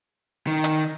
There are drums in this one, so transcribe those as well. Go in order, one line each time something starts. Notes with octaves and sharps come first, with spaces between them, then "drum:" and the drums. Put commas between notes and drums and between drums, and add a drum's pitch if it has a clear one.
D#3
drum: hi-hat